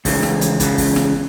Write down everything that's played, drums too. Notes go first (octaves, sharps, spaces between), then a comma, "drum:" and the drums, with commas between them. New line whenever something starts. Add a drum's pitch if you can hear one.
C#2 C#3 E3, drum: kick, open hi-hat
drum: snare
drum: hi-hat
C#2 C#3 E3, drum: kick, hi-hat
drum: kick, open hi-hat
drum: snare